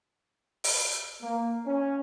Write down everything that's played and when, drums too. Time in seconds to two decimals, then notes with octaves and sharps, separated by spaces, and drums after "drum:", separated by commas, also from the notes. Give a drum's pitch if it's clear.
0.64 drum: open hi-hat
1.21 A#3
1.66 C#4